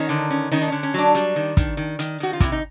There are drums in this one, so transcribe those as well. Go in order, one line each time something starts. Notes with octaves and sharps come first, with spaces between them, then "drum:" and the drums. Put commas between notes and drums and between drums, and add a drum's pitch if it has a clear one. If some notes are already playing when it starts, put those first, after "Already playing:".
Already playing: D#3 C#4 D#4
D3
C#4
D#3 C#4 D#4
D4
D3 C#4
C#4
F#3 D4
G3 D4, drum: hi-hat
D#3
D#3, drum: kick, hi-hat
D#3
D#3, drum: hi-hat
D#3 F#4
F4
C3 E4, drum: kick, hi-hat
D#4